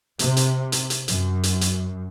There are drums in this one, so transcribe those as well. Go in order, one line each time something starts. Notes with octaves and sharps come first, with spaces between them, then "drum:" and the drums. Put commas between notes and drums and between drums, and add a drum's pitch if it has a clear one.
C3, drum: hi-hat
drum: hi-hat
drum: hi-hat
drum: hi-hat
F#2, drum: hi-hat
drum: hi-hat
drum: hi-hat